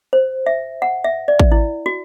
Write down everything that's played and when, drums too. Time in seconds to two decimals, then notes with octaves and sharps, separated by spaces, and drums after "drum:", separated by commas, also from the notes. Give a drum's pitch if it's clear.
0.13 C5
0.46 E5
0.82 F#5
1.04 E5
1.28 D5
1.39 drum: kick A1
1.52 E4
1.86 F#4